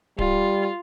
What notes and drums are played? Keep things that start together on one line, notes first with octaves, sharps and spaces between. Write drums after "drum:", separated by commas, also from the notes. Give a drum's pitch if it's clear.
G3 F4, drum: kick D1